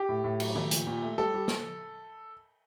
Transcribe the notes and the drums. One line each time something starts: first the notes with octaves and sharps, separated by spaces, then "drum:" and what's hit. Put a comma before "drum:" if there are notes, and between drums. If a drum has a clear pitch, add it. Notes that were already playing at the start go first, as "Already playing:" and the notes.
Already playing: G4
A2
A2
F#3, drum: cymbal
A3, drum: tom D#3
A#2, drum: hi-hat
A#2
A3
G3 A4
G3
drum: snare